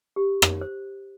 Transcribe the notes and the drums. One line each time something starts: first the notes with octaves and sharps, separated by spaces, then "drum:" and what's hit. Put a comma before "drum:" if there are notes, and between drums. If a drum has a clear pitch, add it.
G4
drum: rim click
C5